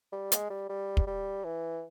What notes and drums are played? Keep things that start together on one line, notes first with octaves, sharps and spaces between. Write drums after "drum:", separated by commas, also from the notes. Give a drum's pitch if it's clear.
G3
G#3, drum: hi-hat
G3
G3
drum: kick
G3
E3